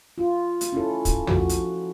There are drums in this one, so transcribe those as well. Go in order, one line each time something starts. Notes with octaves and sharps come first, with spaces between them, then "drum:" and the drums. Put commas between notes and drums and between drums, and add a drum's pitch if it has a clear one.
F4
drum: hi-hat
C#4 E4 A4
drum: kick, hi-hat
F3 F#4, drum: tom
drum: hi-hat